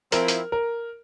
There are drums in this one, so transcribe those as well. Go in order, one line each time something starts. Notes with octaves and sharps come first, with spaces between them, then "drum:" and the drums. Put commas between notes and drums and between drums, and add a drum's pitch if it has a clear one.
F3 C4 E4 A#4, drum: hi-hat
drum: hi-hat
A#4